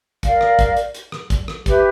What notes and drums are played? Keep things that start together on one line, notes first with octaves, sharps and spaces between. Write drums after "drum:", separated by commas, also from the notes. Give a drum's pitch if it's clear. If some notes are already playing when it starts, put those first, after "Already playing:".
A#4 D5 F5, drum: kick, hi-hat
drum: rim click
drum: kick, hi-hat
drum: hi-hat
drum: hi-hat
drum: rim click
drum: kick, hi-hat
drum: rim click
G4 B4 E5, drum: kick, hi-hat